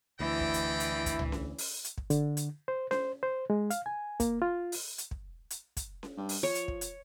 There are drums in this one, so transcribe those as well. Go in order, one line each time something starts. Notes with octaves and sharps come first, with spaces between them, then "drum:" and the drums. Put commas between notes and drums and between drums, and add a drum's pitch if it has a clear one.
D2 E3 E4 D5 D#5 G5
drum: kick
drum: hi-hat
drum: hi-hat
drum: kick, hi-hat
drum: tom
drum: snare C#4
drum: open hi-hat
drum: hi-hat
drum: kick
D3, drum: hi-hat
drum: hi-hat
C5
C5, drum: snare C#4
C5
G#3
F5, drum: hi-hat
G#5
A#3, drum: kick, hi-hat
F4
drum: open hi-hat
drum: hi-hat
drum: kick
drum: hi-hat
drum: kick, hi-hat
drum: snare C#4
G2
drum: open hi-hat
F3 C#5
drum: hi-hat
drum: kick
drum: hi-hat